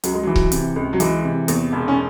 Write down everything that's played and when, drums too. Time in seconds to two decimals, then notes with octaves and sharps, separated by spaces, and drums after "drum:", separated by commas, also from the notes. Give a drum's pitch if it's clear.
0.04 C#2 F#3, drum: hi-hat
0.13 G#3
0.23 E3 F#3
0.36 drum: kick C#1
0.52 C3, drum: hi-hat
0.76 C#2
0.93 F#3
1.00 E3 G#3, drum: hi-hat
1.24 C3
1.48 E2, drum: hi-hat
1.73 E1
1.88 C#4